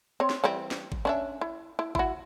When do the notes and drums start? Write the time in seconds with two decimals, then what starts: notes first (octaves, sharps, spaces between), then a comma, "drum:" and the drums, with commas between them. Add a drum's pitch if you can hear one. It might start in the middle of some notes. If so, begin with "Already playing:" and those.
0.20 C4 C#5
0.30 drum: snare
0.44 E3 G3 C4
0.71 drum: snare
0.92 drum: kick G#1
1.05 C#4 D4 E5
1.41 E4
1.79 E4
1.95 E4 F#4, drum: kick G#1